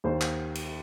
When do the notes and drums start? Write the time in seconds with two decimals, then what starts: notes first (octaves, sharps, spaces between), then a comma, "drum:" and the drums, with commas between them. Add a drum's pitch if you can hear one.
0.04 D#2 C5
0.21 drum: clap
0.55 drum: cymbal